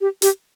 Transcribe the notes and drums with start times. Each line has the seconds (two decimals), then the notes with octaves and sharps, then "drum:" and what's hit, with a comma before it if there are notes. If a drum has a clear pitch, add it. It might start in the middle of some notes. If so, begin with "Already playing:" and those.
0.01 G4
0.22 G4, drum: hi-hat